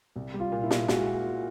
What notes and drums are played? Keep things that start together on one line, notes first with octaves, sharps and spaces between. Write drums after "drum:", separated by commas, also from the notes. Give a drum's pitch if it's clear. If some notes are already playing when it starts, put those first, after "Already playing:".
C2
G3
F4
A#2
E4
A#2, drum: snare
G#3 F#4, drum: snare